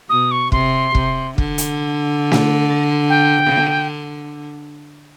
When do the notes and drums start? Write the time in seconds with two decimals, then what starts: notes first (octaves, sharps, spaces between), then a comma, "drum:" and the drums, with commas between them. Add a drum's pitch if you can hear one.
0.09 B2 D#6
0.31 C#6
0.52 C3 C6, drum: kick
0.95 C3, drum: kick
1.38 D3, drum: kick
1.58 drum: hi-hat
2.32 drum: snare
3.09 G5